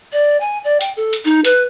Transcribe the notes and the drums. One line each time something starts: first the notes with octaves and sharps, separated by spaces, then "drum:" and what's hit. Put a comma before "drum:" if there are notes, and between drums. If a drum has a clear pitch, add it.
D5
G#5
D5
G5, drum: hi-hat
A4
drum: hi-hat
D#4
B4, drum: hi-hat